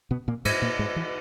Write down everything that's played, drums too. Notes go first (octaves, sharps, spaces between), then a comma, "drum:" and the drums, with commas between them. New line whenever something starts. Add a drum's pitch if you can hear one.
B2 B3
A#2 A#3
G#2 G#3, drum: cymbal
A#2 A#3
G#2 G#3
E3